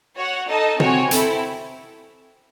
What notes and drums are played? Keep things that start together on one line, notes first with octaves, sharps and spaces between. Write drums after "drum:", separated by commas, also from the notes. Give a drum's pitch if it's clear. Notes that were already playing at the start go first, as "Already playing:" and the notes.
F#4 C#5 F#5
D#4 A4 D#5 A5
C4 F#4 C#5 G#5, drum: tom
C4 E4 A4, drum: hi-hat